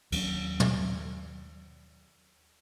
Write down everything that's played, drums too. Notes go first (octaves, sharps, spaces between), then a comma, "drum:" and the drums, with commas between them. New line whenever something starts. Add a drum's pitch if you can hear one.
D#2 F#3 A#3 C#4, drum: cymbal
drum: tom